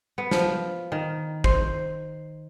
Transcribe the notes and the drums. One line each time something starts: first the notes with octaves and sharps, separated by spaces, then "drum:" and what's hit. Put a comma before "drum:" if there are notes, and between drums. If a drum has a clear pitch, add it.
B3
F3, drum: snare
D#3
C5, drum: kick